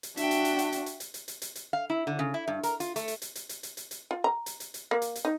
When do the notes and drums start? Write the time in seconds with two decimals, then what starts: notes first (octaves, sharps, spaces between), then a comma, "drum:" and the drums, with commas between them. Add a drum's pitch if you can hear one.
0.03 drum: hi-hat
0.17 D4 F#4 E5 G5, drum: hi-hat
0.31 drum: hi-hat
0.45 drum: hi-hat
0.59 drum: hi-hat
0.72 drum: hi-hat
0.86 drum: hi-hat
1.00 drum: hi-hat
1.14 drum: hi-hat
1.28 drum: hi-hat
1.42 drum: hi-hat
1.55 drum: hi-hat
1.73 F5
1.90 E4
2.07 D3
2.19 C#3
2.34 E4
2.48 G2
2.63 A#4, drum: hi-hat
2.80 F4, drum: hi-hat
2.96 A3, drum: hi-hat
3.08 drum: hi-hat
3.22 drum: hi-hat
3.35 drum: hi-hat
3.49 drum: hi-hat
3.63 drum: hi-hat
3.77 drum: hi-hat
3.91 drum: hi-hat
4.11 F4
4.24 A#5
4.46 drum: hi-hat
4.60 drum: hi-hat
4.74 drum: hi-hat
4.91 A#3
5.02 drum: hi-hat
5.15 drum: hi-hat
5.25 D#4